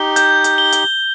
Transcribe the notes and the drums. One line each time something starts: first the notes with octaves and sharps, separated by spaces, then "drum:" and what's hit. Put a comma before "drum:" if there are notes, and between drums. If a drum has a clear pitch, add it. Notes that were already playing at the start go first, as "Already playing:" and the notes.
Already playing: D#4 G4 G7
G6, drum: hi-hat
drum: hi-hat
G7
drum: hi-hat